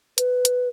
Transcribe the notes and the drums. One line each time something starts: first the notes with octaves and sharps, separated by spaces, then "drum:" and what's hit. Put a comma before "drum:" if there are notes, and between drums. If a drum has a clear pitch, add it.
B4, drum: hi-hat
drum: hi-hat